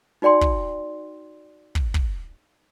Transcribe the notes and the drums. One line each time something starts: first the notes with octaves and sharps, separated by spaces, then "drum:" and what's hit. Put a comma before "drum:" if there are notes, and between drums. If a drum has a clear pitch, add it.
D#4 F#4 D5 G5 C6
drum: kick
drum: kick
drum: kick